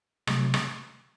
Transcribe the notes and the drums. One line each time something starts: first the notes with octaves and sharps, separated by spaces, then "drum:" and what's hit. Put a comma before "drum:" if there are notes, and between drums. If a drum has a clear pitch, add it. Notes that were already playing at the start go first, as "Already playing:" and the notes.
C3 F#3 A3, drum: rim click
drum: rim click